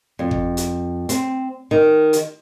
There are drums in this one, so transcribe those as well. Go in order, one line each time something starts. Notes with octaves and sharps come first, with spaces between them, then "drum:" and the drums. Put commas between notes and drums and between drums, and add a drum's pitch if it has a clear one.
F2
drum: kick
drum: hi-hat
C4, drum: hi-hat
D#3
drum: hi-hat